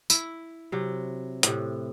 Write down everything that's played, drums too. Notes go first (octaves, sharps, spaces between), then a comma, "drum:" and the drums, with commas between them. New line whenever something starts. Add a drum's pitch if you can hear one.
E4, drum: tambourine
C3 F#3
A2 C3, drum: hi-hat